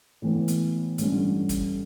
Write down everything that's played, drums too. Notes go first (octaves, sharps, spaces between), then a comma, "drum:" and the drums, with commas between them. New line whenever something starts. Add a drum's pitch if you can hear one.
A2 E3 B3
drum: hi-hat
A1 G2 D3 A3 C#4, drum: hi-hat
drum: kick, hi-hat